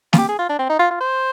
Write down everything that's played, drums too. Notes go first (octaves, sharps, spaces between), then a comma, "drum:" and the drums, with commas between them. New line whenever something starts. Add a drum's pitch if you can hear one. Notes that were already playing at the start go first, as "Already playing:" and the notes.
F4, drum: snare
G4
G#4
F4
D4
C4
D#4
F4
F4
C5